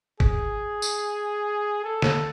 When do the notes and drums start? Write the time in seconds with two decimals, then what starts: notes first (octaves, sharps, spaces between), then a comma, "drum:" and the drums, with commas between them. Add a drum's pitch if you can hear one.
0.20 G#4, drum: kick
0.82 drum: tambourine
1.84 A4
2.02 drum: snare